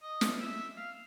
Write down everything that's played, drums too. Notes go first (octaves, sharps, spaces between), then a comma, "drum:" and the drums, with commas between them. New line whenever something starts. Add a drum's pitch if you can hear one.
D#5
drum: snare
E5
F5